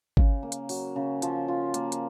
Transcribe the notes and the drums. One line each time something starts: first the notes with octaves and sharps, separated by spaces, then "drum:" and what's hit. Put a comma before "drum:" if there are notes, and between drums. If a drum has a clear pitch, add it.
C#3, drum: kick G#1
A#3
drum: hi-hat
F#3, drum: open hi-hat
C#3
F3, drum: hi-hat
F4
A#3, drum: hi-hat
drum: hi-hat